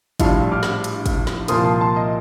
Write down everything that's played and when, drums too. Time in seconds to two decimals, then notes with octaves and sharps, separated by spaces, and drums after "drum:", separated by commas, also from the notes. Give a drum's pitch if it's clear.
0.20 A#1 A2 G3 D4 F4 F5 A5, drum: kick, hi-hat
0.52 D6 F6
0.63 drum: snare
0.84 drum: hi-hat
1.06 drum: kick, hi-hat
1.27 drum: snare
1.48 C2 A#2 F3 A#3 C6 D#6, drum: hi-hat
1.64 A5 C6
1.80 A5 C6
1.96 D#5